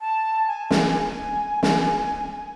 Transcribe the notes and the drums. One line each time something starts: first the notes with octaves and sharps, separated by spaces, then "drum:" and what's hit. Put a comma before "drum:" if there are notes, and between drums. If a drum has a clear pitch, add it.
A5
G#5
drum: snare
G#5
drum: snare